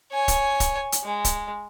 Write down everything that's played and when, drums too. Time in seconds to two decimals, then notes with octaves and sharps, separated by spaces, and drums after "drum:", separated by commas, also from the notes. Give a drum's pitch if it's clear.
0.12 C#5 G#5
0.28 drum: kick, hi-hat
0.60 drum: kick, hi-hat
0.92 drum: hi-hat
1.04 G#3
1.25 drum: kick, hi-hat